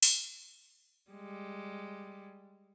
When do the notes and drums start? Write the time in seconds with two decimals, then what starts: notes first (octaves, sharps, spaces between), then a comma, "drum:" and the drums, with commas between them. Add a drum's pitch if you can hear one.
0.03 drum: open hi-hat
1.11 G3 G#3